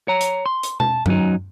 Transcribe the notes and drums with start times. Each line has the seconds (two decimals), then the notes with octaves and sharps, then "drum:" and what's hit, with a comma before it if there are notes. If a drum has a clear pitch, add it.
0.08 C#5 A#5
0.21 drum: hi-hat
0.46 C6
0.63 drum: hi-hat
0.80 A5, drum: tom B2
1.06 F#2 F#3 D#4, drum: tom F#2